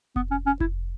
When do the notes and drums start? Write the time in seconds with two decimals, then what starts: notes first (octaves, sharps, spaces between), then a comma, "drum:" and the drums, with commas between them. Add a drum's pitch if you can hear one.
0.16 B3, drum: kick F1
0.31 C#4
0.46 C#4
0.60 E4, drum: kick F1